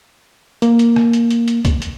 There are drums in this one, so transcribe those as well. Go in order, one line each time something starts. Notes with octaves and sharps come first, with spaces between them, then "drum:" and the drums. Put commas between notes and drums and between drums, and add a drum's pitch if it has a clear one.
A#3, drum: hi-hat
drum: hi-hat
drum: rim click
drum: hi-hat
drum: hi-hat
drum: hi-hat
drum: kick, hi-hat
drum: hi-hat